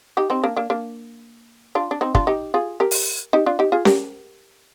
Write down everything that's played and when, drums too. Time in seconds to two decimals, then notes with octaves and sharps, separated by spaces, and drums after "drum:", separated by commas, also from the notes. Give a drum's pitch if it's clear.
0.17 D#4 G4
0.30 C4 D#4
0.44 A#3 D4
0.56 A#3 D4
0.70 A#3 D4
1.75 D4 F4
1.91 D4
2.01 C4 D#4
2.15 D4 F4, drum: kick
2.27 D#4 G4
2.54 F4 G#4
2.80 G4 A#4
2.91 drum: open hi-hat
3.33 D#4 G4
3.46 D4 F4
3.59 D#4 G4
3.72 F4 G#4
3.85 G4 A#4, drum: snare C#4